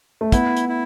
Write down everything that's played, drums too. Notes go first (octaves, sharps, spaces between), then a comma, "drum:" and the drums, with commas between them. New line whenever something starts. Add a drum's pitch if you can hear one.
A3
B3 E4, drum: kick, hi-hat
drum: hi-hat
E4